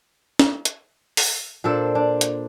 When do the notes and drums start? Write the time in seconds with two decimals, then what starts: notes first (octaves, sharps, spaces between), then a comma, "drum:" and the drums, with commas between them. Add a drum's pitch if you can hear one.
0.39 drum: snare
0.65 drum: hi-hat
1.17 drum: open hi-hat
1.64 A#2 D4 A4 C5
1.95 D4
2.21 drum: hi-hat